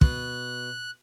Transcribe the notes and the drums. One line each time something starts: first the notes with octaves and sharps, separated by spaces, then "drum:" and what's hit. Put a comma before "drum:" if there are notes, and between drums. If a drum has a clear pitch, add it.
B2 F#6, drum: kick